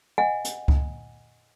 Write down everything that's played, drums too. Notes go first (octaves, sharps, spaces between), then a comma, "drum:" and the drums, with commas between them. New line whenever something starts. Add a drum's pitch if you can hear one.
D#5 F#5 G#5
drum: hi-hat
drum: kick C#2